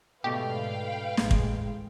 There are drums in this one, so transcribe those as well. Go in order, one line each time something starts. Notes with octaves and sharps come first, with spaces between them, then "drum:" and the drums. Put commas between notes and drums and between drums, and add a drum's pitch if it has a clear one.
G#2 B2 D3 A3 G4 B4 F5 G5
A1 A2 G#3, drum: snare
drum: kick